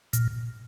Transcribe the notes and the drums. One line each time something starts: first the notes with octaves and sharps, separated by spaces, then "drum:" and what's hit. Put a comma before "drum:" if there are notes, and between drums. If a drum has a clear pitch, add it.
A#2, drum: hi-hat